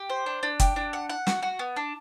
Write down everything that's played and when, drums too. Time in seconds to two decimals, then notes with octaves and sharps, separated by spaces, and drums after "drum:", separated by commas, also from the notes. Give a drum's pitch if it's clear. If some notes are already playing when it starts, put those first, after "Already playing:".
Already playing: G4
0.10 C5
0.26 D4
0.43 D4
0.60 G4, drum: kick F#1, hi-hat
0.76 D4
0.93 F#5
1.09 F#5
1.27 F#4, drum: snare
1.42 F#4
1.59 B3
1.76 D4